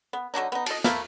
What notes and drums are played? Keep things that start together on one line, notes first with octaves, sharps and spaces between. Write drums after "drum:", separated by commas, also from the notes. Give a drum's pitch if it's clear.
B3
D3 F#3 D4 D#4
B3 D#4
D#5 A5, drum: cymbal
A3 A#3 E4 F5, drum: snare